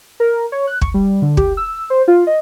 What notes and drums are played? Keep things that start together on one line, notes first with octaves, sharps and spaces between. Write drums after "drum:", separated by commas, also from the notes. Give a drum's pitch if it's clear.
A#4
C#5
F#6
C#6, drum: kick
G3
D3
G4, drum: kick
E6
C5
F4
D#5